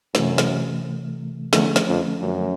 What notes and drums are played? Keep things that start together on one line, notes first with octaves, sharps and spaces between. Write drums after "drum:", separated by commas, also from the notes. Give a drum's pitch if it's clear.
F#2 C3 E3 A3, drum: snare
drum: snare
E2 D3 F3 A3 C#4, drum: snare
drum: snare
F2
F#2